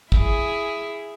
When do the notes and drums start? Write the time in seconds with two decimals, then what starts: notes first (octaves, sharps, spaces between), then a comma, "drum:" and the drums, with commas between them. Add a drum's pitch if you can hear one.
0.12 E4 G#4, drum: kick